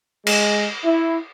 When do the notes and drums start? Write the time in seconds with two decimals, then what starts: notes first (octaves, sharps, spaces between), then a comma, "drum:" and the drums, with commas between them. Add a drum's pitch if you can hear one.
0.27 G#3, drum: cymbal
0.84 E4